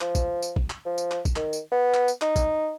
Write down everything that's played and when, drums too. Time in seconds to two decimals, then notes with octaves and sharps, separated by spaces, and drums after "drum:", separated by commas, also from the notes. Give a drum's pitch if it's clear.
0.01 F3, drum: clap
0.15 drum: kick, tambourine
0.42 drum: tambourine
0.56 drum: kick
0.70 drum: clap
0.86 F3
0.98 drum: tambourine
1.11 drum: clap
1.25 drum: kick, tambourine
1.36 D#3, drum: clap
1.53 drum: tambourine
1.72 B3
1.94 drum: clap
2.08 drum: tambourine
2.22 D#4, drum: clap
2.36 drum: kick, tambourine